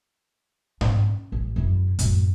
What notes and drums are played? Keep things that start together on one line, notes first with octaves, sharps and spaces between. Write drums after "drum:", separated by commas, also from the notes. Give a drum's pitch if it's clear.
C#4, drum: tom G#2
A1
F#2 E4
F#2 A2, drum: hi-hat